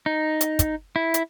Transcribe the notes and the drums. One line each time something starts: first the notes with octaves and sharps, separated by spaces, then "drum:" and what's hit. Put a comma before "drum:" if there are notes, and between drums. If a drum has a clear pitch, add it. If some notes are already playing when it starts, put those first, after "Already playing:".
D#4
drum: hi-hat
drum: kick, hi-hat
E4
drum: hi-hat